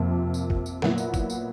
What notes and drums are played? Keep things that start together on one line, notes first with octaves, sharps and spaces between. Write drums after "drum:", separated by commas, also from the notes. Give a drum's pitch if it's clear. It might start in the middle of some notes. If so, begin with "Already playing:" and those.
Already playing: F2 C3 F3 A#3
drum: tambourine
drum: kick G1
drum: tambourine
A#2 F#3 B3 E4, drum: snare
drum: tambourine
drum: kick G1, tambourine
drum: tambourine